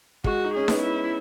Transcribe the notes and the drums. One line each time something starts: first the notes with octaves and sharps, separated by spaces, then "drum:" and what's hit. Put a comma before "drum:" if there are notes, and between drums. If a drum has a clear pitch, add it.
G#3 F#4, drum: kick
D#4
C#4 G#4
B3, drum: snare D#4
E4